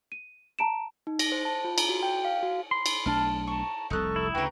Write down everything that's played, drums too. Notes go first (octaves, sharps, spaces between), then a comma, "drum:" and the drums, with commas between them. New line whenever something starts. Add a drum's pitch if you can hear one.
D#7
A5 A#5 D7 E7
D#4
A#6, drum: cymbal
C5
A5
F4
A#5, drum: cymbal
F#4
G5
F5
F#4
B5 C6
drum: cymbal
B1 A3 D4 A5 F6
A5 A#5 C#6
F1 C2 D#4 A4 C#6 F#6
E4
D2 C#3 F#4 B4 G5 A#5 G6